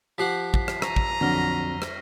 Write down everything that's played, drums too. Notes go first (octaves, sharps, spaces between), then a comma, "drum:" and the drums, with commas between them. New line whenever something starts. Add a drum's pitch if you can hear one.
F3 G4 F#5 B6 C7
drum: kick
drum: rim click
A#5 C#6 C7, drum: rim click
drum: kick
F2 D3 F#3 F6 A#6
drum: rim click